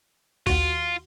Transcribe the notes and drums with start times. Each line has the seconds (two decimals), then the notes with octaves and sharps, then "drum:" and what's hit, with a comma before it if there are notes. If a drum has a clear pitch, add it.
0.47 D#2 F4 F#4, drum: kick A#1, open hi-hat